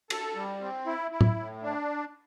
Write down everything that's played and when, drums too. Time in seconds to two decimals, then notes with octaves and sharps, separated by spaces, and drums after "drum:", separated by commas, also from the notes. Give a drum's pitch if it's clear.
0.10 A4, drum: cymbal
0.36 G3
0.61 C4
0.86 E4
1.11 E4
1.21 drum: tom A2
1.37 A2
1.63 D4